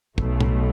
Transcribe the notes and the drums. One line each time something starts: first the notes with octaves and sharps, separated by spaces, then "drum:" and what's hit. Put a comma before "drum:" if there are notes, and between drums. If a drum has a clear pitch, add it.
B1 B2 A3, drum: kick
drum: tom